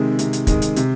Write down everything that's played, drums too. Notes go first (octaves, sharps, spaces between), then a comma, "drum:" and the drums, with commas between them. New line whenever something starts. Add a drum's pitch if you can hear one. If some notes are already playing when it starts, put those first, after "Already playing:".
Already playing: C3 D#3 G#3
C3, drum: hi-hat
drum: hi-hat
D#3 G#3, drum: kick, hi-hat
drum: hi-hat
C3, drum: hi-hat